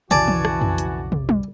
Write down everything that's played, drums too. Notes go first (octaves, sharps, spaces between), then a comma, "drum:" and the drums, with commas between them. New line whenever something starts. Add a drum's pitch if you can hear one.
B1 F2 C#3 E3 F#4 D5 G#5 A5, drum: tom
drum: tom E3
drum: rim click
drum: tom F2
drum: hi-hat
drum: tom
drum: tom G3